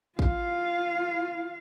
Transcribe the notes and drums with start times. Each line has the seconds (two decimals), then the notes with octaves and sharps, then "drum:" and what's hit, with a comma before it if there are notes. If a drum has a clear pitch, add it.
0.19 F4 F5, drum: kick